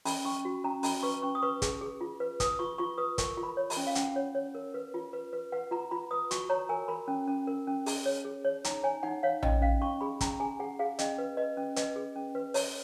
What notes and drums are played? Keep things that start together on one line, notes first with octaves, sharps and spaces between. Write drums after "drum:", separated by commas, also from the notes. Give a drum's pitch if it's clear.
C#4 B5, drum: open hi-hat
C#4 C#6
F#4
C#4 A#5
C#4 B5, drum: open hi-hat
B4 C#6
C#4 C#6
D#6
B4 C#6
G#4, drum: kick, hi-hat
G#4
F4
B4
B4 D#6, drum: kick, hi-hat
F4 C#6
F4 C#6
B4 D#6
A#4 C#6, drum: kick, hi-hat
F4
B5
C#5
B5, drum: open hi-hat
C#4
F5
C#4 F#5, drum: hi-hat
C#5
C#5
A#4
B4
F4
B4
B4
B4 F#5
F4 A#5
F4 B5
B4 D#6
F#4 C#6, drum: hi-hat
C#5 A#5
A#4 G#5
A#4 B5
C#4
C#4
A#4
C#4
G#4, drum: open hi-hat
C#5
G#4
C#5
D#4 A#5, drum: hi-hat
C#5 G#5
D#4 F#5
C#5 F5
C#4 D#5, drum: tom A#1
C#4 F5
C#4 C#6
G#4 B5
C#4 A#5, drum: kick, hi-hat
G#4 G#5
G#4 F#5
G#4 F5
C#4 D#5, drum: hi-hat
B4
B4 D#5
C#4
B4 D#5, drum: hi-hat
G#4
C#4
B4
C#5, drum: open hi-hat